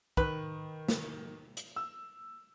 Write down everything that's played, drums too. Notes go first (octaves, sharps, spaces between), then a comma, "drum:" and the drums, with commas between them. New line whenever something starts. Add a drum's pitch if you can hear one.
D#3 B4, drum: kick
drum: snare
drum: hi-hat
E6